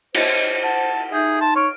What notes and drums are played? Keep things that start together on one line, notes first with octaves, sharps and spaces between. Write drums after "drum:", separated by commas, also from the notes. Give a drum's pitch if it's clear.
C5 C#5 D#5, drum: cymbal
F#5 A5
D#4 G#4 E5 G6
A5 C6
C#5 F6 D7